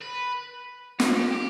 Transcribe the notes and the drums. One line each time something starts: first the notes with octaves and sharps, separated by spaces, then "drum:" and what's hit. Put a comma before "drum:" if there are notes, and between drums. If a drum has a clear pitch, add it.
B4
A#4, drum: snare
G4
G4